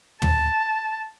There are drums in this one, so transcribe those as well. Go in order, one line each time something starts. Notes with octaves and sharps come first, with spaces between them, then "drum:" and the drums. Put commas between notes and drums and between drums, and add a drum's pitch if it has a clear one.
A5, drum: tom